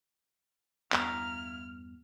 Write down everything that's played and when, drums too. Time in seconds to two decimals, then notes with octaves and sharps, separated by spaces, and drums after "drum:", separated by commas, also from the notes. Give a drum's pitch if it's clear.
0.92 E2 G2 B3 E4 F5 A#5 F6, drum: clap